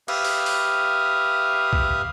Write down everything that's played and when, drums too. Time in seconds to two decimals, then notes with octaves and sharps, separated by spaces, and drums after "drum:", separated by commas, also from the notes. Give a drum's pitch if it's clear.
0.08 G4 B4 E5 F5 D#6, drum: cymbal
0.24 drum: open hi-hat
0.46 drum: open hi-hat
1.73 drum: kick